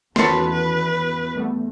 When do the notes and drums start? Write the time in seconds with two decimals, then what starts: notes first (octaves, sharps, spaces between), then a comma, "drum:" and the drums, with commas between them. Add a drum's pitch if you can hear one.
0.16 E2 D#3 C#4 F#4 A4 B4 C6, drum: snare
0.52 B4
1.36 G3 A3 B3